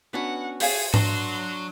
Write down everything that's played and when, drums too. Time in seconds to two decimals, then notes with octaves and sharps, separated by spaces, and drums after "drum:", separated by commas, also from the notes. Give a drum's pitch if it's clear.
0.13 B3 C#4 D4 F#4 B4 F#5
0.60 G4 G#4 C5 C#5 F5 G#5 A5, drum: open hi-hat
0.94 F#3 D4 F#4 B4 C6, drum: tom G#2